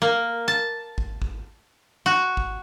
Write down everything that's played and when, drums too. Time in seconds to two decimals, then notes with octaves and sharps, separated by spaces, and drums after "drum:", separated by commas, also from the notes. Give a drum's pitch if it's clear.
0.02 A#3
0.48 A5
0.98 drum: kick
1.22 drum: kick
2.06 F#4
2.37 drum: kick